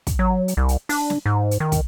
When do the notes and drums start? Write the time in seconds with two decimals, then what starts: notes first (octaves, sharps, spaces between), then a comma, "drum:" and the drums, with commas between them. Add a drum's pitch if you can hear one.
0.07 drum: kick, hi-hat
0.19 F#3
0.48 drum: hi-hat
0.57 C2
0.69 drum: hi-hat
0.89 D4, drum: open hi-hat
1.10 drum: snare
1.26 G#2
1.51 drum: hi-hat
1.60 D#3
1.72 drum: kick, hi-hat